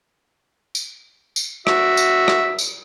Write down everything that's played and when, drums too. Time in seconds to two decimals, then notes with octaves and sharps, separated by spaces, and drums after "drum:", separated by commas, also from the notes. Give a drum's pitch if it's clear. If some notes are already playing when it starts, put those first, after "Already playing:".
0.75 drum: tambourine
1.36 drum: tambourine
1.67 F#4 E5, drum: rim click
1.97 drum: tambourine
2.28 drum: rim click
2.59 drum: tambourine